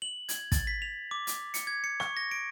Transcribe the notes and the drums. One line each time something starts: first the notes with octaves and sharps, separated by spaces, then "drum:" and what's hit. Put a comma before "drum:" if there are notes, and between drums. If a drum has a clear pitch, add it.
F#7
G#6, drum: hi-hat
A6, drum: kick, hi-hat
B6
F7
D6
drum: hi-hat
C#7, drum: hi-hat
G#6
C#7
C#6, drum: rim click
A#6
D7